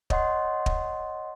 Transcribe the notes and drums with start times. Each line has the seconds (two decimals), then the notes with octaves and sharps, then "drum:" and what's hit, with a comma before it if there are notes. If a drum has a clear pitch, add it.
0.10 C#5 D#5 F#5 C6, drum: kick
0.66 drum: kick